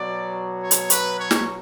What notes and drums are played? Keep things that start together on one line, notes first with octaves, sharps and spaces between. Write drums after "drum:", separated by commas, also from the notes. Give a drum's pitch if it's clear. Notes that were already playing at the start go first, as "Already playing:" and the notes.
Already playing: B2 F#3 D5
C#5
drum: hi-hat
B4, drum: hi-hat
C#5
drum: snare